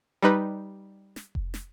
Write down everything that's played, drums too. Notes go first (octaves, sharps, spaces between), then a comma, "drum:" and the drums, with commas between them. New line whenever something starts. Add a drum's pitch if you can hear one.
G3 D#4 B4
drum: snare
drum: kick F1
drum: snare